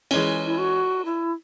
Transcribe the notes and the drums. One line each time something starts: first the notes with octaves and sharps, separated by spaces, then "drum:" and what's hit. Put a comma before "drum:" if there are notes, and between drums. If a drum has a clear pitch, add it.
E3 G#3 C#4, drum: cymbal
E4
F#4
E4